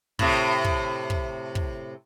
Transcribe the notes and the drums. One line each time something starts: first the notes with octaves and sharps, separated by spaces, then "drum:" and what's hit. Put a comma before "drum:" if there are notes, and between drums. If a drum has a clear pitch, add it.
A2 C3, drum: kick
drum: kick
drum: kick
drum: kick